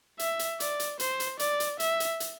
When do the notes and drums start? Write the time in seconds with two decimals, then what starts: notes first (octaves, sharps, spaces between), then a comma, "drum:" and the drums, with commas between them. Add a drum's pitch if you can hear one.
0.19 E5, drum: hi-hat
0.39 drum: hi-hat
0.60 D5, drum: hi-hat
0.80 drum: hi-hat
1.00 C5, drum: hi-hat
1.20 drum: hi-hat
1.39 D5, drum: hi-hat
1.60 drum: hi-hat
1.80 E5, drum: hi-hat
2.00 drum: hi-hat
2.20 drum: hi-hat